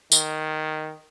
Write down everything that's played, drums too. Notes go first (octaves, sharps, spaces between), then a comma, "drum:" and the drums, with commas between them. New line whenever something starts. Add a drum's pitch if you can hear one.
D#3, drum: tambourine